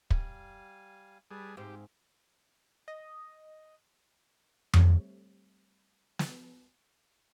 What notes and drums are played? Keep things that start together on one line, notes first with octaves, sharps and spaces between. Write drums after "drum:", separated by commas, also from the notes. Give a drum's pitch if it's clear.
G3 F5 G#5, drum: kick
G3 G#4 B4 A5
G#2 C4 G4 F5
D#5
G3 A3 C4 C#5, drum: tom F2
drum: snare